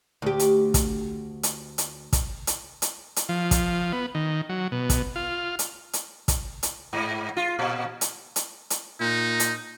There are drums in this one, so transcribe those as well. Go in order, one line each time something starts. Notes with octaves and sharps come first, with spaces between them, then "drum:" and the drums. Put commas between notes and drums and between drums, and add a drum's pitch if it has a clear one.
D2 G4
drum: hi-hat
drum: kick, hi-hat
drum: hi-hat
drum: hi-hat
drum: kick, hi-hat
drum: hi-hat
drum: hi-hat
drum: hi-hat
F3
drum: kick, hi-hat
B3
D#3
F#3
B2
drum: kick, hi-hat
F4
drum: hi-hat
drum: hi-hat
drum: kick, hi-hat
drum: hi-hat
G#2
F4
A#2
drum: hi-hat
drum: hi-hat
drum: hi-hat
A#2 D#4
drum: hi-hat